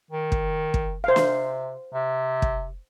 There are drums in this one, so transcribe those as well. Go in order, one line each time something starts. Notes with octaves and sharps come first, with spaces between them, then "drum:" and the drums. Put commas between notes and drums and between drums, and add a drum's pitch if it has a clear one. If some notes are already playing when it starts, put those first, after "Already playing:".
D#3
drum: kick
drum: kick
C3 C5 F5
drum: snare
C3
drum: kick